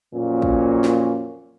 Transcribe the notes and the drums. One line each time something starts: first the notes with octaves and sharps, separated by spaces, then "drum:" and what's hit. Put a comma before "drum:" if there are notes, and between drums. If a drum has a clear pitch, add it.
F2 A#2 F#3 A#3 C#4
drum: kick
drum: snare